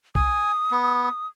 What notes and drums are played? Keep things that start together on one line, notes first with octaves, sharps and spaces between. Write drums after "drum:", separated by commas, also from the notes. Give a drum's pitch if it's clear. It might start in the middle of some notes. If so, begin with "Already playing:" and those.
G#5 D#6, drum: kick
B3